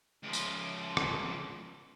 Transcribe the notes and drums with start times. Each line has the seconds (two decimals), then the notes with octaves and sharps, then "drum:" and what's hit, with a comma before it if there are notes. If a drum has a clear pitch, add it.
0.23 C#2 F3
0.33 drum: tambourine
0.97 drum: rim click